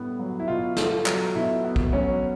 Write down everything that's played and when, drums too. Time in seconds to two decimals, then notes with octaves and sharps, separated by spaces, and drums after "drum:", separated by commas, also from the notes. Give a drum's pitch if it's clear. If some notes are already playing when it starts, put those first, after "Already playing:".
Already playing: A2 G3 B3
0.19 F#3
0.40 E4
0.48 B2 F4
0.77 A3, drum: snare
1.06 F#3, drum: clap
1.35 B2 E4
1.65 B3
1.76 drum: kick
1.93 F#3 C#4